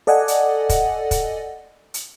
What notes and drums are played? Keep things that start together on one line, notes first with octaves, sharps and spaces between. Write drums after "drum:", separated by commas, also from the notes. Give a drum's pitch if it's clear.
A4 D5 D#5 F#5 G#5
drum: hi-hat
drum: kick, hi-hat
drum: kick, hi-hat
drum: hi-hat